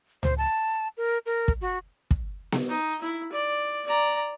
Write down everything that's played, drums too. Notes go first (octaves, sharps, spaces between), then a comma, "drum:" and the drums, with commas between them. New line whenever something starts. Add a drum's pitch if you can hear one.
C5, drum: tom C#2
A5
A#4
A#4
drum: kick
F#4
drum: kick
drum: snare B3
D#4
E4
D5
D5 A#5